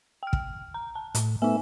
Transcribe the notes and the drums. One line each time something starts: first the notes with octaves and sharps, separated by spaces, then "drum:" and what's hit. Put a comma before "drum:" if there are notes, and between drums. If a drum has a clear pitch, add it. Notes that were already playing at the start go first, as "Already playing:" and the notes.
G5 F6
drum: kick
A#5
A5
A2, drum: hi-hat
A3 B3 D#4 E5 G#5